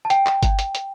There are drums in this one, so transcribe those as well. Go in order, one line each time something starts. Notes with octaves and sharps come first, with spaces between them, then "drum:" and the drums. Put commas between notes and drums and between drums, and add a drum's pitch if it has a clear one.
A5
G5, drum: hi-hat
drum: clap
drum: kick G1, hi-hat
drum: hi-hat
drum: hi-hat